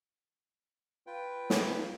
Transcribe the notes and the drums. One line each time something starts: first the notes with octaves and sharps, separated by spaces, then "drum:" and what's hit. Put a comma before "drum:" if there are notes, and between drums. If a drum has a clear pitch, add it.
F4 B4 G5
drum: snare